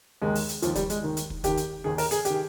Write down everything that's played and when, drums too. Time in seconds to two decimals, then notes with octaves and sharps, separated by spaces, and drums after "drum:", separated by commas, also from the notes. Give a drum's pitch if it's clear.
0.22 D#2 D#3 G#3
0.35 drum: open hi-hat
0.49 drum: hi-hat
0.62 D#2 D#3 F3, drum: hi-hat
0.75 G3, drum: kick, hi-hat
0.90 G#3, drum: hi-hat
1.03 D#2 D#3
1.17 drum: hi-hat
1.30 drum: kick
1.44 D#2 D#3 G4, drum: kick, hi-hat
1.57 drum: hi-hat
1.84 D#2 D#3 G#4
1.98 A#4, drum: open hi-hat
2.11 G#4, drum: hi-hat
2.25 D#3 G4, drum: hi-hat